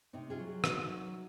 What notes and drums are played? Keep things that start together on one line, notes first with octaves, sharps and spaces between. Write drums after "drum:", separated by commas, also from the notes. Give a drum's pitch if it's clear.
C3 C4 D#4
F4 G#4
F#3
C3 D#4 F#4, drum: rim click
F#3